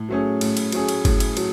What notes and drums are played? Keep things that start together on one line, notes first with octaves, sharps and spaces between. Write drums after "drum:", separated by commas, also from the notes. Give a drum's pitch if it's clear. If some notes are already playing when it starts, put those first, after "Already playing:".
Already playing: A2
F#3 A3 C#4 G#4
A2, drum: cymbal
drum: cymbal
F#3 A3 C#4 G#4, drum: cymbal
drum: cymbal
A2, drum: kick G1, cymbal
drum: cymbal
F#3 A3, drum: cymbal